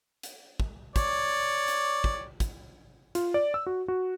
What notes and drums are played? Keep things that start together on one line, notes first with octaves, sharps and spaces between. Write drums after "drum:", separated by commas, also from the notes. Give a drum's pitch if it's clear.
drum: hi-hat
drum: kick
C#5 D5, drum: kick, hi-hat
drum: hi-hat
drum: kick
drum: kick, hi-hat
F4, drum: hi-hat
D5
E6
F#4
F#4